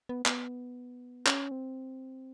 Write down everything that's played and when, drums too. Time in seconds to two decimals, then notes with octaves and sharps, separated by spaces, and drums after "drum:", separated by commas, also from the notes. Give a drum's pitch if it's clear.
0.09 B3
0.26 B3, drum: clap
1.27 C#4, drum: clap
1.51 C4